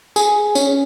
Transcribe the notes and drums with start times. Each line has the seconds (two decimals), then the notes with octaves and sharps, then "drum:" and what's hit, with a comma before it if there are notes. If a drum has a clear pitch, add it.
0.16 G#4, drum: tambourine
0.55 C#4, drum: tambourine